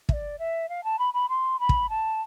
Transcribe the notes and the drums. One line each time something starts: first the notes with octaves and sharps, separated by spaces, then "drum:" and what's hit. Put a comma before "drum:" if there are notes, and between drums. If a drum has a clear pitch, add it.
E5, drum: kick
D5
E5
F5
A5
B5
B5
C6
B5
drum: kick
A5